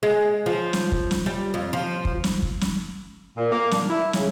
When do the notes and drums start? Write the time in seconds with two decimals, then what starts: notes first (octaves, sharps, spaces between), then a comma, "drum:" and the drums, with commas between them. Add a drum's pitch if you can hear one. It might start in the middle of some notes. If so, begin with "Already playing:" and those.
0.03 G#3
0.46 F3
0.73 drum: snare
0.92 drum: kick
1.11 drum: snare
1.26 G3
1.54 F2
1.73 F3
2.05 drum: kick
2.24 drum: snare
2.43 drum: kick
2.61 drum: snare
3.37 A#2
3.52 A#3
3.71 D4, drum: snare
3.89 E4
4.13 C#3, drum: snare